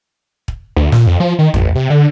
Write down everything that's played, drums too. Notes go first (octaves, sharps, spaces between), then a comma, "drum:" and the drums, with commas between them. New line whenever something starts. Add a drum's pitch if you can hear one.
drum: kick
D2
A#2, drum: snare
F2
F3
D#3
A1, drum: tom E2
C3
D3